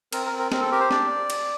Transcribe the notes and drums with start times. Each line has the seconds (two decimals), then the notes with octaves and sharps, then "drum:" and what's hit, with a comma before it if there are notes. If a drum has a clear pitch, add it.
0.12 C4 A#4, drum: cymbal
0.26 A#4
0.33 C4
0.39 A#4
0.52 C4 A#4, drum: snare C4
0.61 A4
0.72 G4 A#4
0.80 C5
0.91 D4 D5, drum: snare C4
1.30 drum: cymbal